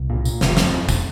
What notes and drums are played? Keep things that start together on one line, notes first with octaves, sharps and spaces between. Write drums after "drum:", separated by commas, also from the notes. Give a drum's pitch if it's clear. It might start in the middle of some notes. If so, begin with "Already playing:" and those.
Already playing: C2
A#2
A#2, drum: tambourine
F1 D3, drum: snare
E3
D3, drum: snare
F2 F3
E2
drum: kick, tambourine